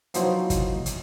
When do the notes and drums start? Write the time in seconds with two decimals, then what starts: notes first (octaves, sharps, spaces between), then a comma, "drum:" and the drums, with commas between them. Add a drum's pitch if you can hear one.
0.14 F3 F#3 B3 D#4 E4 C5, drum: hi-hat
0.50 drum: kick, hi-hat
0.86 drum: hi-hat